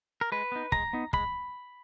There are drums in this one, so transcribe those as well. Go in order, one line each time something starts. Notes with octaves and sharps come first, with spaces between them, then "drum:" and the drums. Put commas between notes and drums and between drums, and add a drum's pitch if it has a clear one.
A#4
G#3 B4
B3 D#4
G#3 A#5, drum: kick
B3 D#4
G#3 B5, drum: kick